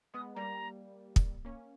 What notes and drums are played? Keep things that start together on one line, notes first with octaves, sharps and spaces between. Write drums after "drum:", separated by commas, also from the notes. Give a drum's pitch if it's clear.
G#3 B3 D#6
G3 A#3 A#5
drum: kick
A#3 C#4